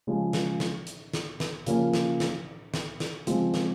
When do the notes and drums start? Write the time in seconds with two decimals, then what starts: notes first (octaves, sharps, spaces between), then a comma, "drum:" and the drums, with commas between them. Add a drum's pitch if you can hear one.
0.07 C#3 F3 G#3 C#4
0.33 drum: snare
0.60 drum: snare
0.87 drum: hi-hat
1.13 drum: snare
1.40 drum: snare
1.66 C#3 F3 A#3 C#4 F4, drum: hi-hat
1.94 drum: snare
2.20 drum: snare
2.74 drum: snare
3.00 drum: snare
3.27 C#3 F3 G#3 C4 F4, drum: hi-hat
3.54 drum: snare